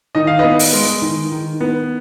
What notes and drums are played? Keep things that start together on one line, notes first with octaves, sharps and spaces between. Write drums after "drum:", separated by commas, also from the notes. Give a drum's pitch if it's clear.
D#3 D#5
F5
B3 B4 D#5
drum: open hi-hat
G#3
D#3
D#3
B3